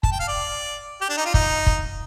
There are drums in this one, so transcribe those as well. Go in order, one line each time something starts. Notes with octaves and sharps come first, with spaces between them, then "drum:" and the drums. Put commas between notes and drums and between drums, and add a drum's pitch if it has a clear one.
A5, drum: kick
G5
F5
D5
G4
D4
D#4
F4
D#4, drum: kick
drum: kick